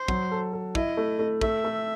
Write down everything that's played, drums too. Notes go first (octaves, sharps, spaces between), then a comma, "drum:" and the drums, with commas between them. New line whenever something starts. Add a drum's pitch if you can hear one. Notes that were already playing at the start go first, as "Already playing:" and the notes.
Already playing: C5
F#3, drum: kick
A4
A4
E4 D#5, drum: kick
A3
A3
A3 E5, drum: kick
A3